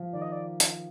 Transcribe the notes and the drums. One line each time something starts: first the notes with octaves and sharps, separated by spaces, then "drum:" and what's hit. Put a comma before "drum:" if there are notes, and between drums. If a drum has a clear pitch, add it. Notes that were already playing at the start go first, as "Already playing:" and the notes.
Already playing: F3
D#3 D5
D#5
D5
drum: hi-hat